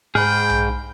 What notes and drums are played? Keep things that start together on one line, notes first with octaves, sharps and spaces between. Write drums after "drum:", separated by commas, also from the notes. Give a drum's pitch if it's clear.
G#2 G#4 G5 B5 F6
drum: tom B1